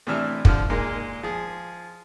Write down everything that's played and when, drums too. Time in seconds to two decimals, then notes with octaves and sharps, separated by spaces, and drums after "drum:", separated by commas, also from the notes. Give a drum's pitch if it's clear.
0.07 A2 C3 E3 D4 E5 F6
0.45 D3 F3 F6, drum: kick
0.70 A#2 G#3 D#4 A#4
1.23 F3 G#4